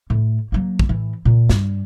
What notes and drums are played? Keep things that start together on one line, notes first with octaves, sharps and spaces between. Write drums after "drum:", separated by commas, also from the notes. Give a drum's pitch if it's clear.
A2
F#3 A#3
drum: kick
A2 E3
A#2
G2, drum: snare